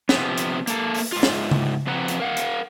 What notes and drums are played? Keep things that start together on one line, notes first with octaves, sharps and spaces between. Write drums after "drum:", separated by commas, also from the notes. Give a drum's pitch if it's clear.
C3 F3 B3, drum: snare
drum: hi-hat
A#3 A4, drum: hi-hat
drum: open hi-hat
G#2 F4
drum: snare
drum: tom C#3
F3 C4 B4 F#5 A#5
drum: hi-hat
A#4 F5 F#5
drum: hi-hat